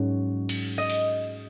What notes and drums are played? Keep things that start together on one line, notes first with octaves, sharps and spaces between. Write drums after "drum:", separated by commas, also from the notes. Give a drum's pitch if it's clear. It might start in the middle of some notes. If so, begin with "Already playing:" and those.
Already playing: G#2 F#3 C#4
drum: cymbal
D#5
drum: open hi-hat